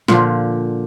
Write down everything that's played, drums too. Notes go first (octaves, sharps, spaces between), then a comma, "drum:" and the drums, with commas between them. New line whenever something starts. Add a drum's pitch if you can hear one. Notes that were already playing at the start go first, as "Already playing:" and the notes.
A#2 D3 F3, drum: snare